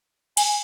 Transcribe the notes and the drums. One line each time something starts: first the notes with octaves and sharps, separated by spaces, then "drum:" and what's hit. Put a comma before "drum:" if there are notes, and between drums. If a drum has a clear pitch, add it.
G#5, drum: cymbal